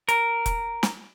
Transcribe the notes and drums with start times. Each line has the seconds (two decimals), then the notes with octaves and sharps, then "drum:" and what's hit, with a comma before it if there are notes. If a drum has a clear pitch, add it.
0.09 A#4, drum: hi-hat
0.46 drum: kick E1, hi-hat
0.83 drum: snare